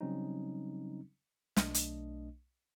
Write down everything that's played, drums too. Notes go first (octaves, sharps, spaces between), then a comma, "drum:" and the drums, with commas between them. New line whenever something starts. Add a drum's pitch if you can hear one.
C#3 F#3 G3 C4 C#4 D#4
B1 A3 D4 D#5, drum: snare
drum: hi-hat